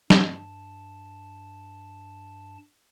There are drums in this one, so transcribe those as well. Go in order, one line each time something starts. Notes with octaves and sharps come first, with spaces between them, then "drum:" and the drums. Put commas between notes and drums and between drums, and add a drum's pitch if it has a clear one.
G2 A5, drum: snare